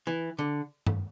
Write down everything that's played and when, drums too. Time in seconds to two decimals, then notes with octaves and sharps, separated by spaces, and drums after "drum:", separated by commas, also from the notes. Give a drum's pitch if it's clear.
0.07 E3
0.39 D3
0.87 drum: tom G2